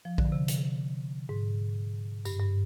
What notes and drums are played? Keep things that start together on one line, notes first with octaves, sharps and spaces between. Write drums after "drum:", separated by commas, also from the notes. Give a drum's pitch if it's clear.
F3
D3, drum: kick A#1
C3
drum: hi-hat
G#2
G2, drum: tambourine
G2